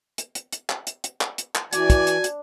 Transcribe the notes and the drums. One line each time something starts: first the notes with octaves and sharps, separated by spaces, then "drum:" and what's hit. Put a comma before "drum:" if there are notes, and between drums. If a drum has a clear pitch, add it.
drum: hi-hat
drum: hi-hat
drum: hi-hat
drum: clap
drum: hi-hat
drum: hi-hat
drum: clap
drum: hi-hat
drum: clap
E3 D4 F#4 D5 G#5, drum: hi-hat
drum: kick, hi-hat
drum: hi-hat
drum: hi-hat